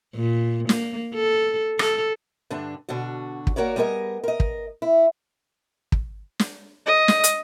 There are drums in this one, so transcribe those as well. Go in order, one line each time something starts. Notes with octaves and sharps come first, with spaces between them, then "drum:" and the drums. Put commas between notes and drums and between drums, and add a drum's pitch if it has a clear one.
A#2
A#3, drum: snare
A4
A4, drum: rim click
G2 D3 D4
B2 D3 D4 F#4
drum: kick
A#3 F#4 A#4 C#5 D5
G3 B3 G#4 A#4 D#5
A#4 D#5
drum: kick
E4
drum: kick
drum: snare
D#5
drum: snare
drum: hi-hat